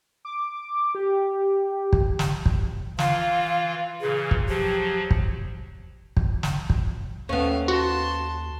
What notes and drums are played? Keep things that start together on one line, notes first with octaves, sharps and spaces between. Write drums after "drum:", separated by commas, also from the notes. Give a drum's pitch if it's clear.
D6
G4
drum: kick
drum: snare
drum: kick
E3 F4 F5, drum: snare
A#2 C#3 E3 G#4
drum: kick
F3 F#3 G4
drum: kick
drum: kick
drum: snare
drum: kick
D#2 A3 B3 C#4 F5
F#4 A5 C6